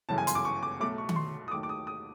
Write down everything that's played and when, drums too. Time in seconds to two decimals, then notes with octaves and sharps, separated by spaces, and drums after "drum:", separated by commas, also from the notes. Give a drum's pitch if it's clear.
0.09 G1 F#2 C#3 E3 A5
0.18 G#5
0.27 C6, drum: hi-hat
0.35 D6
0.45 C#6
0.63 D6
0.80 B1 B2 F#3 A3 D6
0.98 C#6
1.09 C#6, drum: tom D#3
1.16 C6
1.48 D#6
1.51 D#2 D#3 F#3 A3 D6
1.63 D6
1.69 D#6
1.87 D#6